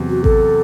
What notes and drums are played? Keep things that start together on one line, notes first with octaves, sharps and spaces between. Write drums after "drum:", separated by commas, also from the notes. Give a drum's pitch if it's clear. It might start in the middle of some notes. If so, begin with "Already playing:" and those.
Already playing: E2 C3 F#3
F#4
A4, drum: kick A1